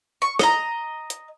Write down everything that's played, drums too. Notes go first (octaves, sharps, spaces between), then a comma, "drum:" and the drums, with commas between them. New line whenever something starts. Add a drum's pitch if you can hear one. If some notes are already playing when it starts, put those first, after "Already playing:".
C#6
D#5 A#5, drum: rim click
drum: hi-hat